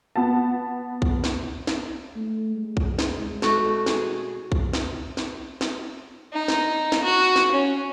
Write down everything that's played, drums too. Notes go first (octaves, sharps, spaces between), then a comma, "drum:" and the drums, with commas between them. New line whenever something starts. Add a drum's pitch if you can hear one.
B3 F#5 A5
drum: kick B1
drum: snare
drum: snare
A3
G#3
drum: kick B1
drum: snare
B2 A3 F#4, drum: snare
G#4, drum: snare
drum: kick B1
drum: snare
drum: snare
drum: snare
D#4
drum: snare
drum: snare
F#4
drum: snare
C#4